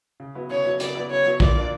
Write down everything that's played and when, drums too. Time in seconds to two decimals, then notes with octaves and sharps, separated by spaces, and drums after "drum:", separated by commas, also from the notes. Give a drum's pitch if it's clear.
0.20 C#3
0.35 F#3 B3 E4
0.50 C#3 C#5
0.66 F#3 B3 E4
0.80 C#3 D5, drum: hi-hat
0.95 F#3 B3 E4
1.10 C#3 C#5
1.26 F#3 B3 E4
1.40 A#2 D5, drum: kick
1.56 A#3 D4